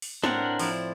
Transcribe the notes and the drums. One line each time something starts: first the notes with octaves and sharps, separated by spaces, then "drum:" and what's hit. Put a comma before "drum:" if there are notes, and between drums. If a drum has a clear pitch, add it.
drum: open hi-hat
A2 C4 D4 A#4 F#5, drum: snare
F3 E4 D5, drum: open hi-hat